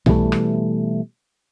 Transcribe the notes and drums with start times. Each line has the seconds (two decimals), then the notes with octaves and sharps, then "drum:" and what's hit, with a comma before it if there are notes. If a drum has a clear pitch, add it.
0.06 B2 E3 G3 A3, drum: tom B1
0.32 drum: rim click